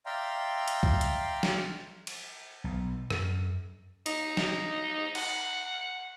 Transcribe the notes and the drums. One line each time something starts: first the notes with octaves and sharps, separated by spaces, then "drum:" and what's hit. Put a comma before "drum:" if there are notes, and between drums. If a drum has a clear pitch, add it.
D5 E5 F5 G5 A#5 C6
drum: hi-hat
drum: kick C2
drum: hi-hat
drum: snare
drum: cymbal
B1
F#2, drum: rim click
D#4, drum: hi-hat
drum: snare
F#5, drum: cymbal